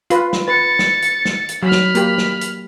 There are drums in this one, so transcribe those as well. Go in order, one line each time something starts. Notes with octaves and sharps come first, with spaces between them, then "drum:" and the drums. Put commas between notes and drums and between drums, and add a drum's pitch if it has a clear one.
F4 B4, drum: hi-hat
drum: snare
B4 A6 C#7
drum: snare
drum: hi-hat
drum: snare
drum: hi-hat
F#3 B5 F6
drum: snare
A#3 G4, drum: hi-hat
drum: snare
drum: hi-hat